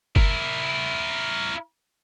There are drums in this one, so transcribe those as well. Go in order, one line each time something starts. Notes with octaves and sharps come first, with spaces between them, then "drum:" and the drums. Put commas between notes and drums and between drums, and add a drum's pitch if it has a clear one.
E4 A#4, drum: kick G1